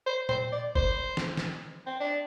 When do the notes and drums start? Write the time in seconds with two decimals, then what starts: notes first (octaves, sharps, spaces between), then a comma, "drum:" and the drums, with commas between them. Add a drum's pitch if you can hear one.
0.06 C5
0.29 C5, drum: tom A#2
0.52 D5
0.75 C5, drum: kick
1.17 drum: snare
1.37 drum: snare
1.87 C4
2.00 D4